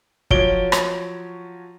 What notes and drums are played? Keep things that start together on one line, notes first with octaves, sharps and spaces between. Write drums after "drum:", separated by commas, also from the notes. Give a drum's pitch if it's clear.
F3 F#3 C#5 D7 G7, drum: kick
drum: rim click